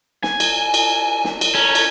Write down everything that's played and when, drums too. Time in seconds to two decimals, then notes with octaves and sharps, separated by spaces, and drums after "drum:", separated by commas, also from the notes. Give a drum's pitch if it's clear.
0.23 G#5, drum: snare
0.40 drum: cymbal
0.74 drum: cymbal
1.24 drum: snare
1.41 drum: cymbal
1.55 C#4 A4 A#4
1.75 drum: cymbal